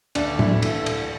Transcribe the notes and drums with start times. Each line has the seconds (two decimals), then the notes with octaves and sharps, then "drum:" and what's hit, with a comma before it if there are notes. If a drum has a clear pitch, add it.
0.15 D2 D4, drum: cymbal
0.39 E4, drum: tom
0.62 E3 A4, drum: cymbal
0.86 drum: cymbal